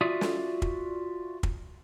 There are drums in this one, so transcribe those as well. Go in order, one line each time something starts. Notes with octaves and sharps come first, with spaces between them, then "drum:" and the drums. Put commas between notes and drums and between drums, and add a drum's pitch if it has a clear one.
F4 F#4 D5 E5 D#6
drum: snare
drum: kick
drum: kick